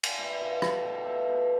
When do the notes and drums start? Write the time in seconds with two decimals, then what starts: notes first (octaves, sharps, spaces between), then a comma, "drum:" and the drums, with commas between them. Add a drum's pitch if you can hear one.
0.03 drum: cymbal
0.18 B2 E4
0.40 B2 F4
0.62 G3 A4, drum: rim click
0.84 B2 G5
0.95 F5
1.04 B2 E5
1.13 F5
1.28 B2